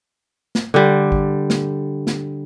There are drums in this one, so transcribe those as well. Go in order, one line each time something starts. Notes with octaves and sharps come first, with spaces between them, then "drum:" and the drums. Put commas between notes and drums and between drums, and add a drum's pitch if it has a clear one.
drum: snare
D3 G3
drum: kick G#1
drum: snare
drum: snare